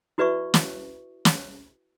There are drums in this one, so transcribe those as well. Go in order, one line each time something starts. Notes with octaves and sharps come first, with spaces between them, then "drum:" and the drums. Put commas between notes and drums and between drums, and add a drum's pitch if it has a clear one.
E4 F#4 B4 D5 E5 C#6
drum: snare
drum: snare